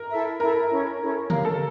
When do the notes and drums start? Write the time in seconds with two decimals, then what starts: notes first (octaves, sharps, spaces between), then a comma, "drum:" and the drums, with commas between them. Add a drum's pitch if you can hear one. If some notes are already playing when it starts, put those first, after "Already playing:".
Already playing: A#4
0.11 E4 A4 E5
0.40 E4 A4 A#4 E5
0.70 C#4 E4 A4 C#5
1.00 C#4 E4 A4 C#5
1.30 G4 A#4 C#5 F5, drum: tom C#3
1.45 A4